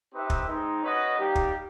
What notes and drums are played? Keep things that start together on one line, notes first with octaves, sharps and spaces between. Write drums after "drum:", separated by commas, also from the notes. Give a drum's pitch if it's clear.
C4 D#4 G4 B4 E5
drum: kick
G#3 C4 D#4
C#4 F#4 B4 D#5
G3 A#3 D#4 G4
drum: kick